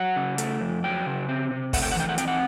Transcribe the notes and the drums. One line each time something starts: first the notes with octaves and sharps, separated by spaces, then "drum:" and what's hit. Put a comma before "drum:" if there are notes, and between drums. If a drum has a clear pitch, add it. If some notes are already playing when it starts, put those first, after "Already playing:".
Already playing: F#3 F#5
C#3
A3, drum: hi-hat
F2
F#3 G5
C#3
C4
C3
A3 F#5, drum: kick, open hi-hat
G5
F#5
E3 G5
F#5
C4 G5, drum: hi-hat
F#5